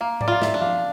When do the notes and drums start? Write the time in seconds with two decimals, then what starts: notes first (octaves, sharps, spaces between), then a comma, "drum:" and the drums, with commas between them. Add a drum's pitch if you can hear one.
0.01 A#3 F5
0.21 D5, drum: tom G#2
0.28 F4 F5
0.42 E5, drum: snare
0.54 D4
0.62 F5, drum: tom F3